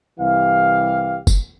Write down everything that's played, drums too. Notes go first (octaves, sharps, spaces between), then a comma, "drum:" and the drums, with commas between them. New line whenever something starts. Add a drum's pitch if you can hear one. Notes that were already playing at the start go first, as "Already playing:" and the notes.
C2 E3 G4 F5
drum: kick F#1, tambourine